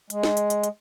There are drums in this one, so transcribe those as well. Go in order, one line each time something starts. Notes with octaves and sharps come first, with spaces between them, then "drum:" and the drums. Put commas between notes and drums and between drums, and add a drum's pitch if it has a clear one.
G#3, drum: hi-hat
drum: snare
drum: hi-hat
drum: hi-hat
drum: hi-hat